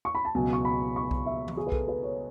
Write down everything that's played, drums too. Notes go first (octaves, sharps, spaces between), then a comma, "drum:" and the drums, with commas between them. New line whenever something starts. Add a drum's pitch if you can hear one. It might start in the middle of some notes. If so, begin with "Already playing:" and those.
C#6
B5
A5
C#2 B2 F#3 G#5
C#6
B5
C#6
drum: kick B1
E5
drum: tom E3
G#4
B4
A4, drum: kick B1
B4
C#5